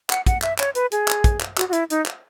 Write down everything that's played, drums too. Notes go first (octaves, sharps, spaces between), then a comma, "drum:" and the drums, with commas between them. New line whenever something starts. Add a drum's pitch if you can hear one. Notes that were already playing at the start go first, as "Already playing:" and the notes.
F#5, drum: clap
F#5, drum: kick, hi-hat
E5, drum: clap
C#5, drum: clap
B4, drum: hi-hat
G#4, drum: hi-hat
drum: clap
drum: kick, hi-hat
drum: clap
F#4, drum: clap
F#4
E4, drum: hi-hat
D#4, drum: hi-hat
drum: clap